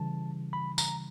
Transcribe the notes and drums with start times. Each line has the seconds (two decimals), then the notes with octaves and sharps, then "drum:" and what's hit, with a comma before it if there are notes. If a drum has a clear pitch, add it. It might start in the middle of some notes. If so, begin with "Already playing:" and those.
Already playing: C#3 E3 G3 A5
0.53 B5
0.78 A#5, drum: tambourine